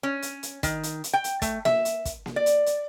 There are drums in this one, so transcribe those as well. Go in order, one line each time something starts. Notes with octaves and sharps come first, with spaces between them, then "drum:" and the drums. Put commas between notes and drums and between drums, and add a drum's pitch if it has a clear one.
C#4
drum: hi-hat
drum: hi-hat
D#3, drum: kick, hi-hat
drum: hi-hat
drum: hi-hat
G5
drum: hi-hat
A3, drum: kick, hi-hat
E5, drum: snare A#3
drum: hi-hat
drum: kick, hi-hat
drum: snare A#3
D5
drum: hi-hat
drum: hi-hat